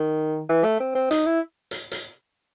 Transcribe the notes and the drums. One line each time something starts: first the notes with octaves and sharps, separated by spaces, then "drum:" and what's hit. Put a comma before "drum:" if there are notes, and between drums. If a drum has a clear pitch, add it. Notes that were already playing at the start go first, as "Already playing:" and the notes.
Already playing: D#3
E3
A3
C4
C4
D#4, drum: hi-hat
E4
drum: hi-hat
drum: hi-hat